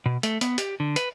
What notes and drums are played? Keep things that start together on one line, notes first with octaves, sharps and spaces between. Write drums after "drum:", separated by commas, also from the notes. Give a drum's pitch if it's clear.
B2
A3, drum: hi-hat
B3, drum: hi-hat
G4, drum: hi-hat
D3
B4, drum: hi-hat